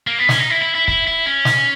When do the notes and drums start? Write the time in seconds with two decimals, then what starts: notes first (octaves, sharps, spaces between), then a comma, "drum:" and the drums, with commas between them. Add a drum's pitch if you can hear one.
0.07 A#3
0.19 B3
0.29 C#4, drum: snare
0.39 D#4
0.50 E4
0.62 E4
0.75 E4
0.88 E4, drum: kick
1.07 E4
1.26 C#4
1.45 drum: snare